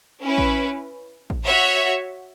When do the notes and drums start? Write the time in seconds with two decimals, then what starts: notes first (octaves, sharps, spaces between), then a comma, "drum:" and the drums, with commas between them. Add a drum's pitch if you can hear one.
0.23 C#4 E4 B4
0.38 drum: kick A1
1.30 drum: kick A1
1.45 F#4 C#5 E5